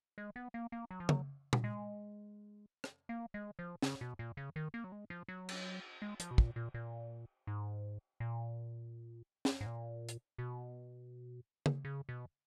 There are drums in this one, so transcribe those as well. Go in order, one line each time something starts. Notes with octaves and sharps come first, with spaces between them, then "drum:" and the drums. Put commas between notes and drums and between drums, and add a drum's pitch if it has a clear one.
G#3
B3
A#3
A#3
F#3
F3
F#3, drum: tom
drum: tom A#2
G#3
drum: rim click
A#3
G#3
F3
C#3, drum: snare
B2
A#2
C#3
D#3
A#3
F#3
G#3
F3
F#3
drum: cymbal
G#3
F3, drum: hi-hat
B2
A#2, drum: kick
A#2
A#2
G#2
A#2
drum: snare
G#2
A#2
drum: hi-hat
B2
drum: tom
C#3
B2